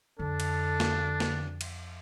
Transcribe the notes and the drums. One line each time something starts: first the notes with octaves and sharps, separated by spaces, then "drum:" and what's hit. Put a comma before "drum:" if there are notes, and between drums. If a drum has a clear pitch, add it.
F2 D3 D4 A4
drum: cymbal
drum: snare
drum: snare
drum: cymbal